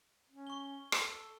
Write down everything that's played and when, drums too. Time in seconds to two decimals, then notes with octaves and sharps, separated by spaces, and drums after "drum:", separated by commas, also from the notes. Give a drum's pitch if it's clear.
0.30 C#4
0.47 C#6 G7
0.92 A4, drum: rim click